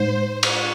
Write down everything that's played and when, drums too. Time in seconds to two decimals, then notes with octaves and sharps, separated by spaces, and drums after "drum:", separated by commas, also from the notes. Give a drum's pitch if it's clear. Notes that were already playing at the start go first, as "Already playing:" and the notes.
Already playing: A2 G#3 D#4 C5
0.43 drum: cymbal